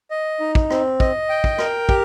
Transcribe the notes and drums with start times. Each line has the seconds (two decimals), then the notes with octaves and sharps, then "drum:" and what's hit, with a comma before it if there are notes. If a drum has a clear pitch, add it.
0.11 D#5
0.40 D#4
0.55 drum: kick
0.70 C4, drum: rim click
1.00 D#5, drum: kick
1.29 G5
1.44 drum: kick
1.58 A#4, drum: rim click
1.89 G4, drum: kick